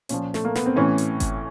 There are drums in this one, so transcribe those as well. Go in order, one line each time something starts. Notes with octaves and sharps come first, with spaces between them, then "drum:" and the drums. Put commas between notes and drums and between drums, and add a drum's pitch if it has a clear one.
A#2 F3 C#4, drum: hi-hat
A3, drum: snare
A#3
B3, drum: snare
C4
A2 E3 C#4
drum: hi-hat
drum: kick G1, hi-hat